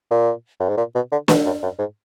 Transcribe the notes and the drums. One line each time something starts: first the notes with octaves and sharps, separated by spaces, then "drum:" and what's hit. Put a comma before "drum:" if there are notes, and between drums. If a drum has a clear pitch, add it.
A#2
F#2
G#2
A#2
B2
D3
B2, drum: snare
F#2
F#2
G#2